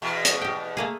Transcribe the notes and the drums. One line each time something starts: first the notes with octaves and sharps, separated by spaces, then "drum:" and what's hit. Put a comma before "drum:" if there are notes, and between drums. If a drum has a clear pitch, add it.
E2 B2
drum: hi-hat
G4 G5
A3 A#3 G#4